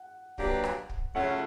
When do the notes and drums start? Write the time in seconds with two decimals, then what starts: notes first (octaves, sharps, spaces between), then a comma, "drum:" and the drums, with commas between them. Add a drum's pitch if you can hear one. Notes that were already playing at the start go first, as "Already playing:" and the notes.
Already playing: F#5
0.38 F#3 A#3 D4 G4 B4, drum: kick
0.64 drum: rim click
0.89 drum: kick
1.15 C#3 F#3 A3 C#4 F4 F#5